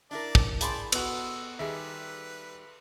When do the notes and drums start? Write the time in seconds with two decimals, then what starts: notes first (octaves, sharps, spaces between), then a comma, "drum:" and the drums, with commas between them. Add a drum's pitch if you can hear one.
0.11 D4 E4 A#4 D5 A5
0.35 drum: kick
0.61 G#4 D5 G5 A5 B5 C6, drum: hi-hat
0.92 B3 F#4 E6, drum: cymbal
1.59 D#3 G3 G#4 B4 E5